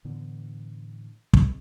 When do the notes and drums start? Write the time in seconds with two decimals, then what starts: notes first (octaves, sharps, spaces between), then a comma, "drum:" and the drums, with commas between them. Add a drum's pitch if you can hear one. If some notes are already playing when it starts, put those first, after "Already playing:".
0.05 A2 D3 E3 B3
1.33 G#2 C3, drum: kick